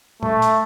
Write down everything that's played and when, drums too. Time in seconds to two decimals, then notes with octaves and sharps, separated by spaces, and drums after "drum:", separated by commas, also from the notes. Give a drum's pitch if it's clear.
0.23 A3, drum: tom
0.42 drum: hi-hat